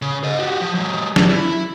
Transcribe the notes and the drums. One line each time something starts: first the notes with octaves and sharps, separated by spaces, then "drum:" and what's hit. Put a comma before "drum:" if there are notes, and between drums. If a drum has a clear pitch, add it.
C#3
C5 D#5
F#4 G4
F3
F#3 G#3
drum: snare
E4